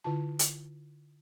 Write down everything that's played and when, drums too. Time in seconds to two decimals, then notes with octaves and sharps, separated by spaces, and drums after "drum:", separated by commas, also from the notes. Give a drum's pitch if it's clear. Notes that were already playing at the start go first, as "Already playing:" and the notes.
0.04 D3 E4 F4 A5
0.39 drum: hi-hat